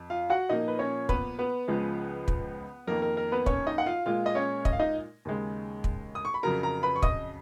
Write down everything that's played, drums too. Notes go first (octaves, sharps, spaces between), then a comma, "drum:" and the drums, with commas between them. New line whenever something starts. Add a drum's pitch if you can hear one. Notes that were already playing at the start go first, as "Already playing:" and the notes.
Already playing: F2
F4 F5
F#4 F#5
A#2 F3 A#3 D#4 D#5
B4
C#4 C#5
B3 B4, drum: kick
B3 B4
C#2 C#3 F3 G#3
drum: kick
F2 D#3 A#3 A#4
A#4
A#4
B3 B4
C#4 C#5, drum: kick
D#4 D#5
F#5
F4 F5
A#2 G#3 F4 F5
D#5
C#4 C#5
D#5, drum: kick
F5
D#4 D#5
D#2 C#3 G#3
drum: kick
D#6
C#6
B5
F2 C#3 F#3 A#4 A#5
A#4 A#5
B4 B5
C#6
D#5 D#6, drum: kick